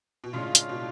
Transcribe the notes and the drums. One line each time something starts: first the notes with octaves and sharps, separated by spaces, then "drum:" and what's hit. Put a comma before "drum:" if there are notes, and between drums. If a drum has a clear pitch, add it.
B2
A2 C#3 G#3 D4 F4
drum: hi-hat
B2